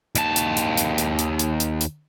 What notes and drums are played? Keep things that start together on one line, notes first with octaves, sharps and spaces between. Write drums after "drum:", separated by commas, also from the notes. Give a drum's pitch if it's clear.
D#2 A5, drum: hi-hat
drum: hi-hat
drum: hi-hat
drum: hi-hat
drum: hi-hat
drum: hi-hat
drum: hi-hat
drum: hi-hat
drum: hi-hat